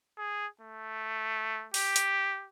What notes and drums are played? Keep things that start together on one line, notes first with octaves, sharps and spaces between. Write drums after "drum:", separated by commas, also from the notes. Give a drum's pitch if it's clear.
G#4
A3
G4, drum: open hi-hat
drum: hi-hat